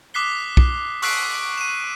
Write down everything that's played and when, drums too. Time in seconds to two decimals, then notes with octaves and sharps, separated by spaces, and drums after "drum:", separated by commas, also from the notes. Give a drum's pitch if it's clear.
0.14 D6 D#6 F#6 B6 C7 G7
0.57 drum: kick
1.02 C#6 E6 F#6 B6 C7 D7, drum: open hi-hat
1.58 D#7 E7